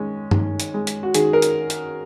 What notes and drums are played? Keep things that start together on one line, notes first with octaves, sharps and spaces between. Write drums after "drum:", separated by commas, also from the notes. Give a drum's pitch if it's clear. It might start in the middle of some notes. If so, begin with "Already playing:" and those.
Already playing: D#3 G#3 C#4
D#3, drum: tom G2
drum: hi-hat
G#3
drum: hi-hat
F#4
D#3 G#4, drum: hi-hat
A#4
drum: hi-hat
drum: hi-hat